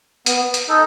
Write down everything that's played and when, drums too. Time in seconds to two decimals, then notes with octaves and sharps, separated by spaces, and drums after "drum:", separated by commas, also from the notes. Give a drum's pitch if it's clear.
0.26 B3, drum: hi-hat
0.54 drum: hi-hat
0.68 D#4 A4 D#5